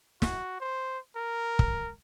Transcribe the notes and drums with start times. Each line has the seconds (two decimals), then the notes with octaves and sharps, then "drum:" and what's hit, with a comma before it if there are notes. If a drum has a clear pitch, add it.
0.22 F#4, drum: snare
0.60 C5
1.16 A#4
1.59 drum: kick